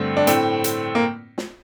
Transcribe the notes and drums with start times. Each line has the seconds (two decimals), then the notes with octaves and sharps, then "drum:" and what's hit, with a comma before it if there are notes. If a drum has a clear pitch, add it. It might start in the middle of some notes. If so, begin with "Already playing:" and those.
Already playing: G2 D3 A3 C4
0.17 D4
0.27 A2 A3 C4, drum: hi-hat
0.64 drum: hi-hat
0.95 A#3
1.38 drum: snare